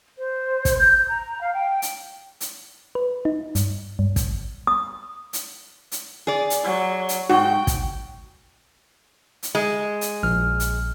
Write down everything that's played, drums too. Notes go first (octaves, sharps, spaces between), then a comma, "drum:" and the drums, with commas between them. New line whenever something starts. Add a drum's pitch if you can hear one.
C5
drum: kick, hi-hat
G6
A#5
F5
G5
drum: hi-hat
drum: hi-hat
B4
D#4
G2, drum: hi-hat
G2
drum: kick, hi-hat
D#6
drum: hi-hat
drum: hi-hat
G#4 D5
drum: hi-hat
F#3
drum: hi-hat
G#2 F#4 G5
drum: kick, hi-hat
drum: hi-hat
G#3
drum: hi-hat
A#1 F6
drum: hi-hat